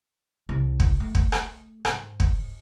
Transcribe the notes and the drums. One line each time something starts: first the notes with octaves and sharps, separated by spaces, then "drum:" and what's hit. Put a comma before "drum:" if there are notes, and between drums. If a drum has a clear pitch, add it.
C2
drum: kick
A3
drum: kick
drum: rim click
G#2, drum: rim click
drum: kick